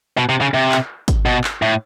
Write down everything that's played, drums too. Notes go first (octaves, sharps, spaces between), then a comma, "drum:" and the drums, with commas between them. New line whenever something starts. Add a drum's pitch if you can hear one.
B2
C3
C#3
C3
drum: clap
drum: kick G#1, hi-hat
B2
drum: clap
A2